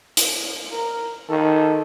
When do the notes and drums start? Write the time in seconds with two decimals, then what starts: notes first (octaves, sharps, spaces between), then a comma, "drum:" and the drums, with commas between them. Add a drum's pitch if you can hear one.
0.17 drum: hi-hat
0.72 A#4
1.29 D#3 A4